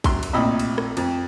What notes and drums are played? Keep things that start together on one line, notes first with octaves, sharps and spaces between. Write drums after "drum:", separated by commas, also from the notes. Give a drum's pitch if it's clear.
F#2 C6, drum: kick A#1, cymbal
drum: cymbal
A#1 A2 C3 D#5 B5 E6
drum: cymbal
drum: rim click
F2, drum: cymbal